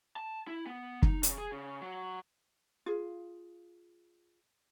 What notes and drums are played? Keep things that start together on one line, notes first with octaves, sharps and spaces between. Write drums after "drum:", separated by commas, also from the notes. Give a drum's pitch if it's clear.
A5
E4
B3
D#4, drum: kick
C#3, drum: hi-hat
G#4
C#3
F#3
F4 G#4